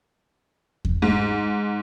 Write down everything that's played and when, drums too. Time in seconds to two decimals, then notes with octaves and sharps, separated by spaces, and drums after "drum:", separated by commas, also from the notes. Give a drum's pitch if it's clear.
0.85 drum: kick E2
1.02 G#2